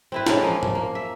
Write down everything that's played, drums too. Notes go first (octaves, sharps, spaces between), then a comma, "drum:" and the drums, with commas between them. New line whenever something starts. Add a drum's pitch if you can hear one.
C4 E4 B4
G#3 C#4 A4 A#4, drum: snare
F3 A#3
drum: tom
A#3
E5